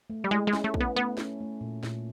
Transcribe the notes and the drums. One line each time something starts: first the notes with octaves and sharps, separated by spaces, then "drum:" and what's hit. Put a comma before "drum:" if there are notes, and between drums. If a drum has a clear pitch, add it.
A3
G3
G#3 E4
G#3
C#4, drum: snare
A3
E4, drum: kick A#1
B3
A3 B3
C#4, drum: snare
A3
A#2
A#2, drum: snare